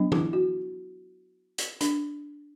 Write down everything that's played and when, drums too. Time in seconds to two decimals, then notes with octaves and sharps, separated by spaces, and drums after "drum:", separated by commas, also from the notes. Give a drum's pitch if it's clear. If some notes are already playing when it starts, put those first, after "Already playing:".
Already playing: F#3 B3 D4
0.12 E4, drum: tom E3
0.33 F#4
1.58 drum: hi-hat
1.81 D4, drum: hi-hat